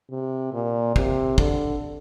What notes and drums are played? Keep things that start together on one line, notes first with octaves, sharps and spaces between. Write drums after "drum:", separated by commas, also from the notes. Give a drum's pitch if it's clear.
C3
A#2
C3, drum: kick
D3, drum: kick